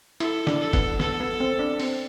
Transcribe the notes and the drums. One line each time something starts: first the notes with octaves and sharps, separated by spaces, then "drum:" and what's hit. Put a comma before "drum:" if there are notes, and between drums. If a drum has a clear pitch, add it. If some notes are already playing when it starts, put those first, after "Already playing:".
E4 A4, drum: hi-hat
D4, drum: snare
A4
B3, drum: kick, hi-hat
B3 A4, drum: snare
B3
C4
D4
C4, drum: open hi-hat